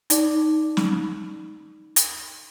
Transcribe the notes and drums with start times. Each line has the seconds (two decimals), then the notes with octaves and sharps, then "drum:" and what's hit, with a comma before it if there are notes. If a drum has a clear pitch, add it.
0.10 D#4 D5 D6, drum: hi-hat
0.77 drum: snare
1.96 drum: hi-hat